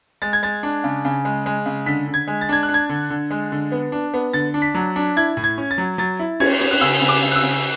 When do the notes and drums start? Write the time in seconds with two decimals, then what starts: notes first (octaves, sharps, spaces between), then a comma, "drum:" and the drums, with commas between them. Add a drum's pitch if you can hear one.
0.22 G#3 A6
0.33 G#6
0.43 G#3 A6
0.63 D4
0.84 C#3
1.05 C#3
1.25 G#3
1.46 G#3
1.66 C#3
1.86 D3 B6
2.08 D3
2.14 G#6
2.27 G#3
2.41 A6
2.49 D4 G#6
2.63 F#6
2.69 D4
2.74 G#6
2.89 D3
3.10 D3
3.31 G#3
3.52 D3
3.72 B3
3.92 D4
4.14 B3
4.33 D3 A6
4.54 D4
4.62 B6
4.75 F#3
4.96 D4
5.16 E4 G#6
5.37 A2
5.44 G#6
5.58 C#4
5.71 A6
5.78 F#3
5.98 F#3 A6
6.19 E4
6.40 C#4 G#6, drum: cymbal
6.61 C#4
6.71 F#6
6.81 C#3 E6
7.01 C#3
7.09 D6
7.22 C#3
7.32 F#6
7.36 E6
7.43 C#3